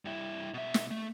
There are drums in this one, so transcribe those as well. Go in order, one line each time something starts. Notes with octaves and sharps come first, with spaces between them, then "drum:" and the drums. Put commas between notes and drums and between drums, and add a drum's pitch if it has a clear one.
G2 E4
B2 E5
drum: snare
A3